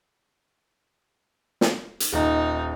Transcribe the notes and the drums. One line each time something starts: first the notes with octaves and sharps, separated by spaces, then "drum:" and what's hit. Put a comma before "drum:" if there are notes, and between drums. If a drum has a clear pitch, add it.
drum: snare
drum: hi-hat
D#1 D#4